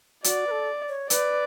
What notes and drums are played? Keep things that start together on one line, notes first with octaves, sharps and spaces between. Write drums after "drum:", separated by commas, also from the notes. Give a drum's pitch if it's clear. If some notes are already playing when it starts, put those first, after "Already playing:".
F#4 D5, drum: hi-hat
B4
A4
C#5
B4 D5, drum: hi-hat